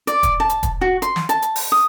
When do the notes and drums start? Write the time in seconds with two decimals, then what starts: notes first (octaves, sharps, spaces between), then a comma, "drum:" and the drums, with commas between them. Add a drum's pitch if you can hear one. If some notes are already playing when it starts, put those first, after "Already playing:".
0.07 D5, drum: hi-hat
0.23 drum: kick, hi-hat
0.40 A5
0.50 drum: hi-hat
0.63 drum: kick, hi-hat
0.81 F#4
1.02 C6, drum: hi-hat
1.16 drum: snare
1.29 A5, drum: hi-hat
1.42 drum: hi-hat
1.56 drum: open hi-hat
1.72 D#6